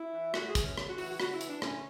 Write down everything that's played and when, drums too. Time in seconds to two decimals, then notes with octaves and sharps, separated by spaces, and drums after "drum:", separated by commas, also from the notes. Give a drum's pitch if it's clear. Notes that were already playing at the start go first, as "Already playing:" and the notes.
Already playing: E4
0.13 E3
0.34 A2 F#4, drum: rim click
0.48 G#4
0.55 E3, drum: kick, hi-hat
0.63 C#4
0.78 C#3, drum: rim click
0.88 F#4
0.98 E3 F#4, drum: open hi-hat
1.09 F#4
1.20 C#3 F#4, drum: rim click
1.34 E4
1.41 E3, drum: hi-hat
1.48 D4
1.62 A2 C#4, drum: rim click